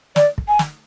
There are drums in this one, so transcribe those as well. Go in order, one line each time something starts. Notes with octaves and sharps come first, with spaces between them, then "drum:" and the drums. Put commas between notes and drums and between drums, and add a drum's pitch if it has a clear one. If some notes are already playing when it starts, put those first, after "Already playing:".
D5, drum: snare
drum: kick
G#5
drum: snare